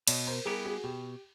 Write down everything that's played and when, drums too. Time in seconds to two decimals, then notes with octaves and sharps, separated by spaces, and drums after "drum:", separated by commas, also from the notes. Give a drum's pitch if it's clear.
0.07 B2 C#5 D#5, drum: cymbal
0.27 A#4 C5
0.45 G3 B3 E4 G4 G#4 A#4
0.65 F#4 G#4
0.84 B2 G4